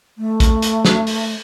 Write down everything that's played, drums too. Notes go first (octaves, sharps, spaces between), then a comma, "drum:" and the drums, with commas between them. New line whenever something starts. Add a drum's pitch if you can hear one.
A3
drum: kick, hi-hat
drum: hi-hat
drum: snare
drum: open hi-hat